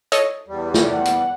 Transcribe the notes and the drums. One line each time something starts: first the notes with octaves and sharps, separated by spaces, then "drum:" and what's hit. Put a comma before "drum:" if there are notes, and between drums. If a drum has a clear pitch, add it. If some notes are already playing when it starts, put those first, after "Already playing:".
A4 C#5 D#5, drum: hi-hat
E2 G3
drum: snare
F#5
drum: hi-hat